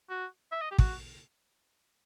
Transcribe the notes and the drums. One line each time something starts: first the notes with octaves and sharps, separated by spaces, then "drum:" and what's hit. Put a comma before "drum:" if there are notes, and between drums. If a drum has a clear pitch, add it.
F#4
E5
D#5
G4
F#4, drum: kick